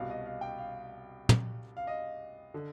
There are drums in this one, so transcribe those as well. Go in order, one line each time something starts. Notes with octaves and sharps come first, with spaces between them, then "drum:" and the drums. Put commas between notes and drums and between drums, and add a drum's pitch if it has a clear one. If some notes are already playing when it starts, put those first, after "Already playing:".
Already playing: C2 B2 F5
D#5
F5
G5
F5
drum: tom
F5
D#5
D3